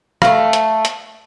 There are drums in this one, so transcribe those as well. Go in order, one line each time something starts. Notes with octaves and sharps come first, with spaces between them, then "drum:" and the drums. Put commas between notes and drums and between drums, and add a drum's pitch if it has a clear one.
A3 F5, drum: rim click
drum: hi-hat
drum: hi-hat